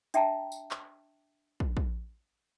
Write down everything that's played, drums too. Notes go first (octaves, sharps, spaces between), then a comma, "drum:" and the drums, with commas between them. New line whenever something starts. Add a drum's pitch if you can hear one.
D4 E5 G5 A5 A#5, drum: hi-hat
drum: tambourine
drum: clap
drum: kick
drum: kick